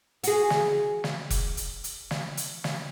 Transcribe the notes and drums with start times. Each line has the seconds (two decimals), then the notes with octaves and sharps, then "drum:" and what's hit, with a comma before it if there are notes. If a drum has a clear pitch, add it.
0.24 F#4 G#4, drum: hi-hat
0.50 drum: snare
1.04 drum: snare
1.30 drum: kick F1, hi-hat
1.57 drum: hi-hat
1.84 drum: hi-hat
2.11 drum: snare
2.37 drum: hi-hat
2.64 drum: snare